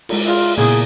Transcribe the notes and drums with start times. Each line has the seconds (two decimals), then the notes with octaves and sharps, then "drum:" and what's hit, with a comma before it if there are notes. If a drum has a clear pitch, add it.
0.09 G#3 F4, drum: cymbal
0.26 F4 G#4 D5 E5
0.57 A#2 C#3 B3 E4 G#4